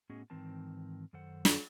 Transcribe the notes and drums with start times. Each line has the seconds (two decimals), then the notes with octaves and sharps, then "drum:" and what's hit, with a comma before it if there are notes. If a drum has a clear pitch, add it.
0.10 A2 B3 C#4 F#4 G#4 D#5
0.30 G#2 D#3 E3 C4 A#4 A5
1.13 F#2 D#3 A4 C5 F#5
1.45 drum: snare